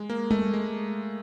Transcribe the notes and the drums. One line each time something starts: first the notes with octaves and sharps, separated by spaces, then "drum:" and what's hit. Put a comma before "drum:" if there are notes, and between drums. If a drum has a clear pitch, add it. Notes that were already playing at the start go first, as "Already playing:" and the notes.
Already playing: G#3
A#3
A3, drum: tom G3
G#3